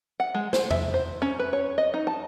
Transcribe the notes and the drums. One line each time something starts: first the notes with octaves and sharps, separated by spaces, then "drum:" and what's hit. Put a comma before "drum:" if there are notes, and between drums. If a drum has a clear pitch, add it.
F#5
G#3
C5, drum: snare
E5, drum: tom E2
C5
C#4
B4
C#5
D#5
D#4
A5